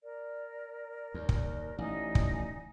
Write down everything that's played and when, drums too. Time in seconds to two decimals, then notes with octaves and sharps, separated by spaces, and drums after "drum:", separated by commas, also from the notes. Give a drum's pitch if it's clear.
0.03 A#4 D5
1.14 D#2
1.29 drum: kick
1.78 A1 D#4 D5 G#5
2.15 drum: kick